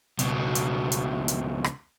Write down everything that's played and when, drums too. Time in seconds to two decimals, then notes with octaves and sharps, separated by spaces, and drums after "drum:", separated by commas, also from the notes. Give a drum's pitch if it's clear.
0.19 C#2 B2, drum: hi-hat
0.55 drum: hi-hat
0.92 drum: hi-hat
1.28 drum: hi-hat
1.64 drum: rim click